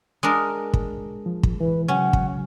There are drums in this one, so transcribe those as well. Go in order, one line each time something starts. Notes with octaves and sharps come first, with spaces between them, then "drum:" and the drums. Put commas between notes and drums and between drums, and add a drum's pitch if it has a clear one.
G#3 D4 A#4
drum: kick
F3
drum: kick
E3 B4
C#3 F#3 C#4 F#5
drum: kick